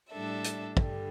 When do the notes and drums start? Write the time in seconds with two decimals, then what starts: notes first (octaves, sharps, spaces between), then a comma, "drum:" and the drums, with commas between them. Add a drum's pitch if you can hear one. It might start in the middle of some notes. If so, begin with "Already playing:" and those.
0.11 A2 G3 D4 A4 E5
0.44 drum: hi-hat
0.77 G2 D3 G3, drum: kick